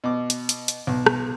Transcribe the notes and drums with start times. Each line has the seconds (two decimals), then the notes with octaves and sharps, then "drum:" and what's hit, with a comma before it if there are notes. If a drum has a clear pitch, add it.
0.04 B2 D6
0.30 drum: hi-hat
0.49 drum: hi-hat
0.68 drum: hi-hat
0.87 B1
1.06 drum: rim click